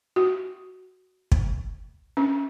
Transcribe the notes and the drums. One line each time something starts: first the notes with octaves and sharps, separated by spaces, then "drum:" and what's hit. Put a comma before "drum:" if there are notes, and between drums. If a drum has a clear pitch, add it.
F#4
drum: kick
C#4